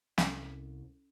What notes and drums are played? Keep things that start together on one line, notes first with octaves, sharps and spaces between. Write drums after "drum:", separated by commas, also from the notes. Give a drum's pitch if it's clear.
C2 C#4 A4, drum: snare